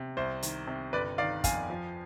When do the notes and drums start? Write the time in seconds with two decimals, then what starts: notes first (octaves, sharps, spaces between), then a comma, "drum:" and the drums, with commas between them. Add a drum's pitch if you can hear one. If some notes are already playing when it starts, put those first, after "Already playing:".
Already playing: C3
0.17 C2 C5
0.43 D#3, drum: hi-hat
0.67 C3
0.93 G1 B4 D5
1.18 D#3 D5 F5
1.44 F2 F5 G#5, drum: kick, hi-hat
1.70 F3